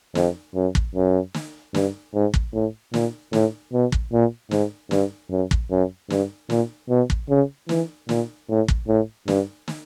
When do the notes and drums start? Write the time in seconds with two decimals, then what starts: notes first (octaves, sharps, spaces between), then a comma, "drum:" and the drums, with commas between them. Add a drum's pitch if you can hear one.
0.15 F2, drum: snare
0.55 F#2
0.75 drum: kick
0.95 F#2
1.34 drum: snare
1.75 G2, drum: snare
2.14 G#2
2.34 drum: kick
2.54 A2
2.94 A#2, drum: snare
3.33 A2, drum: snare
3.73 B2
3.92 drum: kick
4.13 A#2
4.51 G#2, drum: snare
4.91 G2, drum: snare
5.31 F#2
5.51 drum: kick
5.71 F#2
6.10 G2, drum: snare
6.50 A#2, drum: snare
6.90 B2
7.10 drum: kick
7.29 C#3
7.69 E3, drum: snare
8.09 A#2, drum: snare
8.49 A2
8.68 drum: kick
8.88 A2
9.28 G2, drum: snare
9.68 drum: snare